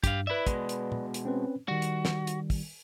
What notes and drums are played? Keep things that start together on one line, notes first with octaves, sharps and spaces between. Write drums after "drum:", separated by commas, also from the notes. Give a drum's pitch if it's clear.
G2 G4 F5, drum: kick, hi-hat
E4 B4 D5 E5
B2 G#3, drum: kick, hi-hat
drum: hi-hat
drum: tom
drum: hi-hat
C4 C#4 B4
D#3 G3 F#4
drum: hi-hat
drum: snare
drum: hi-hat
drum: kick, open hi-hat